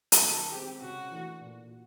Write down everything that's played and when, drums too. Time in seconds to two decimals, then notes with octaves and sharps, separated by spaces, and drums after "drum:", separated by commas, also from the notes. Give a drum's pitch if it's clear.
0.12 drum: hi-hat
0.22 D#3 A4
0.51 G#3 C4 G4
0.81 C#3 F#4
1.11 E3 A3 D4
1.41 A#2
1.70 F#4